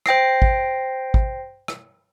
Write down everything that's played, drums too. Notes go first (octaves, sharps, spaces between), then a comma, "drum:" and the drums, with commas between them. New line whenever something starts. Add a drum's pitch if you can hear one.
C5 G5 A#6 C7, drum: rim click
drum: kick
drum: kick
drum: rim click